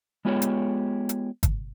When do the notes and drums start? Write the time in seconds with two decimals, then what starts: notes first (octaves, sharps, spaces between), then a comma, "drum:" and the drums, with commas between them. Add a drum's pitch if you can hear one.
0.25 G#3 B3 F4 G4 G#4 C#5
0.42 drum: hi-hat
1.09 drum: hi-hat
1.43 drum: kick, hi-hat